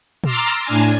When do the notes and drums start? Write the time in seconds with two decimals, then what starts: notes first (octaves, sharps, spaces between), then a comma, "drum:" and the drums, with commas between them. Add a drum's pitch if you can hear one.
0.24 A#5 C6 D6 E6 F6 A6, drum: tom A#2
0.65 A2 D4 G#5